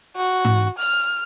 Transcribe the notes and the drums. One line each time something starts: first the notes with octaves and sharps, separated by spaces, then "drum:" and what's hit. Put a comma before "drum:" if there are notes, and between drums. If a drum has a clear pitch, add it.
F#4
drum: tom G#2
F6, drum: open hi-hat